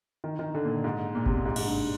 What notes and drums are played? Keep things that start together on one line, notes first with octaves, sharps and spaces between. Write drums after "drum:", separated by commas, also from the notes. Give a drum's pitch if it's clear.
D#3
D#3
D3
A#2
G#2
A#2
C3, drum: kick G1
A#2
G#2
G#2, drum: cymbal
G2